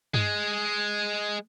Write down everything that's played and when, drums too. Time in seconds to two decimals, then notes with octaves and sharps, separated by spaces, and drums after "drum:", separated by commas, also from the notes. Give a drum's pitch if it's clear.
0.14 G#3, drum: tom G2